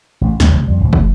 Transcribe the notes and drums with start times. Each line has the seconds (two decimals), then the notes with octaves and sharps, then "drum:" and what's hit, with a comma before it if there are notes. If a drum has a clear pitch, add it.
0.21 A1 A3
0.40 D#2 C#3 A#3, drum: snare
0.52 C#2 C3 G#3 A3
0.67 F2 G3
0.81 C#2 A2 F3
0.93 E3 A3, drum: kick